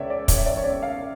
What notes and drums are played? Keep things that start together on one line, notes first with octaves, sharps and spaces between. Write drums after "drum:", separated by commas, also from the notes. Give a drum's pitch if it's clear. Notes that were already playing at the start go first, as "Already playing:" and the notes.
Already playing: C#2 C#3 C#5 D5 E5
D5
E3 C#5, drum: kick, hi-hat
E5
D5
C#5
C#2 D5
F5